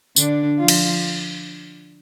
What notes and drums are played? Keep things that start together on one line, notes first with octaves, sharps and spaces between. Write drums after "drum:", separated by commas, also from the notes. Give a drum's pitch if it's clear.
D3 D4, drum: tambourine
F3 F4
drum: cymbal